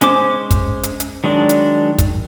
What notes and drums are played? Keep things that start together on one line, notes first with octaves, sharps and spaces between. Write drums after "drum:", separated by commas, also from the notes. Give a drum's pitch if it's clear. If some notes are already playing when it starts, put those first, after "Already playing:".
G#3 C#4 C5 D6, drum: hi-hat
drum: kick, hi-hat
drum: hi-hat
drum: hi-hat
D#3 F#3 G#3 D4
drum: hi-hat
drum: kick, hi-hat